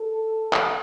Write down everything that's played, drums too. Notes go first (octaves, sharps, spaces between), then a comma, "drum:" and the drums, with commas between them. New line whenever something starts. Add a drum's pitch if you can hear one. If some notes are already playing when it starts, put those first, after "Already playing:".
Already playing: A4
drum: clap